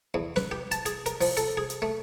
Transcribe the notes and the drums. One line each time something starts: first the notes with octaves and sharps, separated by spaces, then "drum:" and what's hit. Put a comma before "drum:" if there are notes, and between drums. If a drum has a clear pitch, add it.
E2
B4, drum: snare
G4
A5, drum: hi-hat
G#4, drum: hi-hat
A#4, drum: hi-hat
F3, drum: open hi-hat
A4, drum: hi-hat
G#4
drum: hi-hat
A3